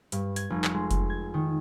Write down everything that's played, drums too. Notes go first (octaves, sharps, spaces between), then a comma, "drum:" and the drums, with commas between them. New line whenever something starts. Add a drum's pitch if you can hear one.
G2, drum: hi-hat
G#6, drum: hi-hat
F1
drum: clap
G#3
drum: kick F#1, hi-hat
G#6
D#3